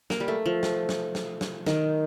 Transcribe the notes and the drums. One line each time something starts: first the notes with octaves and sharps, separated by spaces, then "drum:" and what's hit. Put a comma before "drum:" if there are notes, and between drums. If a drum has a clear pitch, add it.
A#3, drum: snare
G3
A3
F3
drum: snare
drum: snare
drum: snare
drum: snare
D#3, drum: snare